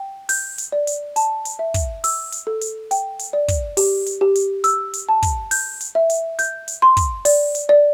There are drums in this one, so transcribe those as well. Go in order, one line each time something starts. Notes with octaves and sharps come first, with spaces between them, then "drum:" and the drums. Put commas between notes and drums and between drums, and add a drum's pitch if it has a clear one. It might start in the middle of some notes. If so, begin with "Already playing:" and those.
Already playing: G5
G6, drum: open hi-hat
drum: hi-hat
D5
drum: hi-hat
A5, drum: hi-hat
drum: hi-hat
E5
drum: kick, hi-hat
E6, drum: open hi-hat
drum: hi-hat
A4
drum: hi-hat
G5, drum: hi-hat
drum: hi-hat
D5
drum: kick, hi-hat
G4, drum: open hi-hat
drum: hi-hat
G4
drum: hi-hat
E6, drum: hi-hat
drum: hi-hat
A5
drum: kick, hi-hat
G6, drum: open hi-hat
drum: hi-hat
E5
drum: hi-hat
G6, drum: hi-hat
drum: hi-hat
C6
drum: kick, hi-hat
D5, drum: open hi-hat
drum: hi-hat
D5